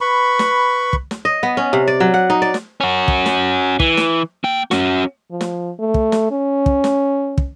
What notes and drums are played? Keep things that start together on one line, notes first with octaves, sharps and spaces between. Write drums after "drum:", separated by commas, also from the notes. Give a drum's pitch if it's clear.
B4 B5 C#6
drum: snare
drum: kick
drum: snare
D#5
B3
C#4
C3
D5
F#3
F#5
D#4
D5
drum: snare
C#4 F#4
drum: kick
drum: snare
E3, drum: kick
drum: snare
A#3 G5
C#4 F#4, drum: snare
F3
drum: snare
A3
drum: kick
drum: snare
C#4
drum: kick
drum: snare
drum: kick